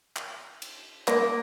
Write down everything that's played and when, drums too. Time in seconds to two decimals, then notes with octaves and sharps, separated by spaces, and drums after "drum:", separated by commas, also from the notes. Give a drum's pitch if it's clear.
0.16 drum: clap
0.62 drum: cymbal
1.08 A#3, drum: clap